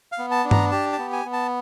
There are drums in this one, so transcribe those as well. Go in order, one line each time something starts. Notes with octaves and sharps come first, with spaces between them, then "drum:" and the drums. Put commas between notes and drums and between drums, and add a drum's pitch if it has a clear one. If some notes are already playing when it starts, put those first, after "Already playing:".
F5
B3
A5
D4
A#5, drum: tom G2
G4 A5
A5
B3
G#5
B3
A5